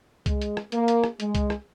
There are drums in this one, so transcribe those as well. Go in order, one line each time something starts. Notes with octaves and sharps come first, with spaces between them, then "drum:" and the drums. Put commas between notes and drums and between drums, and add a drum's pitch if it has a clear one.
G#3, drum: kick C2, hi-hat
drum: hi-hat
drum: rim click
A#3, drum: hi-hat
drum: hi-hat
drum: rim click
G#3, drum: hi-hat
drum: kick C2, hi-hat
drum: rim click